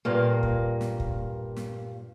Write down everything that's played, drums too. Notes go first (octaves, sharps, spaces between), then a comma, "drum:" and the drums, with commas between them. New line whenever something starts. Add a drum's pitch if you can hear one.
G2 A#2 A#3
drum: kick
drum: snare
drum: kick
drum: snare